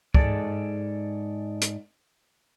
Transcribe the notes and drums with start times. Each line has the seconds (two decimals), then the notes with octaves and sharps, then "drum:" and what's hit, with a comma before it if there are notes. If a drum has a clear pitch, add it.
0.14 G#2 G#4 A4 D5, drum: kick
1.61 drum: hi-hat